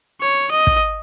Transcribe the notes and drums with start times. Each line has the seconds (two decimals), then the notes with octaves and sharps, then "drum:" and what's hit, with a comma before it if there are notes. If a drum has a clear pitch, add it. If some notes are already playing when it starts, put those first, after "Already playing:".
0.21 C#5
0.51 D#5
0.67 drum: kick